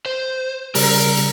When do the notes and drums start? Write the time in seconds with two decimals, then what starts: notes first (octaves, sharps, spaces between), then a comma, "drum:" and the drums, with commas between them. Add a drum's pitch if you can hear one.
0.06 C5
0.75 C#3 G3 A#4 A#5, drum: open hi-hat
1.17 drum: hi-hat